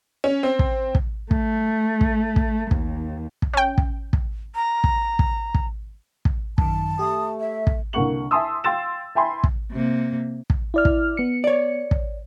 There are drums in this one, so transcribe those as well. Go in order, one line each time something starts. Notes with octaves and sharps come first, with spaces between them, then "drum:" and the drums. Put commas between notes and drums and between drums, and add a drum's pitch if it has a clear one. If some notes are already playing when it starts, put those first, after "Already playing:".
C#4
C4
drum: kick
drum: kick
A3, drum: kick
drum: kick
drum: kick
D#2, drum: kick
drum: kick
C#4 G5
drum: kick
drum: kick
A#5
drum: kick
drum: kick
drum: kick
drum: kick
F#2 D#3 A5, drum: kick
A3 G4 D#6
E5
drum: kick
C2 D3 A#3 F#5 C#6 F#7
E5 G#5 A5 C6 D#6 E6
F5 G5 C6 E6 A6 E7
E5 G5 G#5 B5 C6
drum: kick
C3 A#3
drum: kick
E4 D5 F6
drum: kick
B3 C#7
C#5 D5
drum: kick